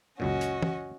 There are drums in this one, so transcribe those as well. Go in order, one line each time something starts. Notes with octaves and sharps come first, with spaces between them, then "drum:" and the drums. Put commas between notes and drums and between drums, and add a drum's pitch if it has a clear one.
C#2 F#2 A#2 C#4 F#4 D#5
drum: hi-hat
drum: tom